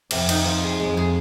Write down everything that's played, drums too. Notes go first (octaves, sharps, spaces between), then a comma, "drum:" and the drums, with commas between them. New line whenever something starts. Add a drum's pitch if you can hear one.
F2 C3, drum: cymbal
D#4, drum: cymbal
F3
G#4
F2 G#3
G#4